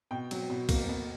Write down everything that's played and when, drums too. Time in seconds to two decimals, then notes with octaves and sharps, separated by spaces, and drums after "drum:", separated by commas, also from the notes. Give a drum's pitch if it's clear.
0.11 B2 G5
0.31 F#3, drum: cymbal
0.50 B2
0.69 A#3, drum: kick B1, cymbal
0.89 B2